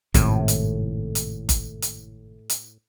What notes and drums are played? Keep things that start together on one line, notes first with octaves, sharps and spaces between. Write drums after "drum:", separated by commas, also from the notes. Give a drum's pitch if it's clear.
G#1 F#2 A2 C3, drum: kick G1, hi-hat
drum: hi-hat
drum: hi-hat
drum: kick G1, hi-hat
drum: hi-hat
drum: hi-hat